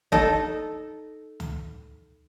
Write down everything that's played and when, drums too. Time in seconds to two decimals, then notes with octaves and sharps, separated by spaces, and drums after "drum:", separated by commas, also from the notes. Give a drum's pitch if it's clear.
0.12 D#4 A4, drum: kick
1.40 drum: tom C#2